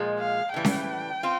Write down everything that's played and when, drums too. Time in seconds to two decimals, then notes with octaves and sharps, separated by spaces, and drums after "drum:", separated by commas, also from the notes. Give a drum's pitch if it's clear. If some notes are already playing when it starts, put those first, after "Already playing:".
Already playing: A#2 F3 G#3
0.19 F5
0.54 A2 E3 G3 G5
0.65 drum: snare C#4
1.23 C4 F4